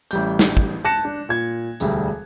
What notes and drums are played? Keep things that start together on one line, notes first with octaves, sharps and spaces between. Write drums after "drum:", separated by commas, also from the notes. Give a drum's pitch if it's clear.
A1 G3 G6, drum: hi-hat
drum: snare
drum: kick
A5 F#6 A#6 C#7 E7
D4
A#2 G#6
E1 D2 G3, drum: hi-hat